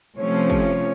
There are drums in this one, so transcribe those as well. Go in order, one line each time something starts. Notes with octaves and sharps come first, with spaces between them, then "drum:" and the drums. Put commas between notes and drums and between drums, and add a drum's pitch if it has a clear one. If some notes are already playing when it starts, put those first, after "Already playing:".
C3 F3 A3 C#4 C#5
drum: kick